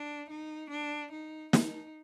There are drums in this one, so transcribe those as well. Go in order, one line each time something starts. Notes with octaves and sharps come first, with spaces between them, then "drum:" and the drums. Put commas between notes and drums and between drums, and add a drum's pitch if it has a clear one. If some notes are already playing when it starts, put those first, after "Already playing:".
Already playing: D4
D#4
D4
D#4
D#4, drum: snare